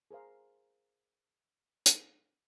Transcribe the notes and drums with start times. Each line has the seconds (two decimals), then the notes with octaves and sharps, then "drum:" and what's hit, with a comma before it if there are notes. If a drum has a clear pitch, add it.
0.11 G#4 A#4 C5 F5
1.86 drum: hi-hat